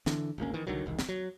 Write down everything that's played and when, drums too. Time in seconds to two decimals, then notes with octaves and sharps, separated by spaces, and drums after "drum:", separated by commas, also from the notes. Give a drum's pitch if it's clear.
0.06 D3 E3 D4, drum: snare
0.38 G#1 D2 A#3 C#4
0.54 D#3 E3
0.67 C2 D3 D#3 F#3
0.86 E1 C2 D#3
0.99 drum: snare
1.09 F#3